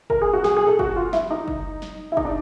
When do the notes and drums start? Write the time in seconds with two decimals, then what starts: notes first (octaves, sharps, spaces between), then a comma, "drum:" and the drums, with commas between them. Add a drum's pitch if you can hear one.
0.10 A#4, drum: kick
0.22 G#4
0.33 F#4
0.44 G#4, drum: snare
0.57 G#4
0.67 A4
0.79 F#4, drum: kick
0.96 F4
1.13 E4, drum: snare
1.31 D#4
1.48 drum: kick
1.82 drum: snare
2.12 E4
2.17 D#4, drum: kick
2.25 D4